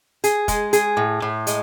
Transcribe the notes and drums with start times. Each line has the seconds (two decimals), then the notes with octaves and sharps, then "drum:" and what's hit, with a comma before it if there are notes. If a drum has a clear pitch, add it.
0.24 G#4, drum: hi-hat
0.48 G#3, drum: kick, hi-hat
0.73 G#4, drum: hi-hat
0.97 A2
1.22 A2
1.47 G#3, drum: hi-hat